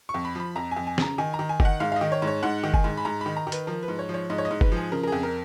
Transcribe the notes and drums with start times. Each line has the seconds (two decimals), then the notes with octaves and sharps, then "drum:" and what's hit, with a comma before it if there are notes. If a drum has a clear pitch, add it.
0.09 C#6
0.14 F2
0.25 B5
0.35 F3 B5
0.56 F2 A#5
0.71 F2 G#5
0.87 G#5
0.98 C#3 A#5, drum: snare
1.18 D#3 G#5
1.34 A#5
1.39 D#3
1.49 G#5
1.60 D#3, drum: kick F#1
1.65 F#5
1.80 G#2 F5
1.92 F5
1.96 D#3 D#5
2.12 C#5
2.22 G#2
2.27 C#5
2.43 G#2 F#5
2.63 D#3
2.74 G#5, drum: kick F#1
2.84 G#2
2.97 B5
3.05 G#2 A#5
3.21 D#3 B5
3.36 A#5
3.47 D#3
3.52 B4, drum: hi-hat
3.67 F3 A#4
3.83 B4
3.88 G#2
3.99 C#5
4.09 F3
4.14 C#5
4.30 G#2 D#5
4.38 C#5
4.45 D#5
4.51 G#2
4.61 B4, drum: kick F#1
4.72 F3 G#4
4.92 C#3 A#4
5.03 A#4
5.07 F2 G#4
5.23 A#4